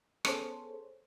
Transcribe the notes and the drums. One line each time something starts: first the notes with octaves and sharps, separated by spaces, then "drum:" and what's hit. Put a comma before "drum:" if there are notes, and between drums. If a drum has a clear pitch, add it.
B3 C#4 G#4 A4 C5 C#5, drum: rim click